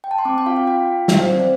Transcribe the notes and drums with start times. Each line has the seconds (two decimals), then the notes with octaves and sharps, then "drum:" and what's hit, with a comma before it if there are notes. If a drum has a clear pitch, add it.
0.04 G5
0.11 A5
0.18 C6
0.25 C4 D6
0.38 G5
0.46 F4 F5
0.56 F5
0.67 F4 G5
0.88 F4
1.08 A4 F5, drum: snare
1.19 C5
1.30 C4 D5
1.40 C5